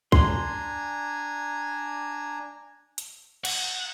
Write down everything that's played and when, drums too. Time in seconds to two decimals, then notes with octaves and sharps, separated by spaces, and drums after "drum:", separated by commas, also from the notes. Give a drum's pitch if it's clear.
0.12 D4 G#5 A#5 C6, drum: kick
2.98 drum: hi-hat
3.45 F#5, drum: cymbal